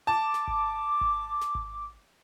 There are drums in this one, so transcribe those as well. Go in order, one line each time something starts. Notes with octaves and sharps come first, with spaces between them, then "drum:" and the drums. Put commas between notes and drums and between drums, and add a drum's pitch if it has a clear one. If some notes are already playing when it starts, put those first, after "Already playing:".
A5 D6
drum: snare
drum: kick G#1
drum: kick G#1
drum: snare
drum: kick G#1